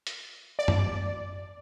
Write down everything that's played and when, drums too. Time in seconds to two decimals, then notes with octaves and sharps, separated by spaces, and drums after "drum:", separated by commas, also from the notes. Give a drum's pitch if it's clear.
0.07 drum: hi-hat
0.59 D5
0.68 drum: tom F#2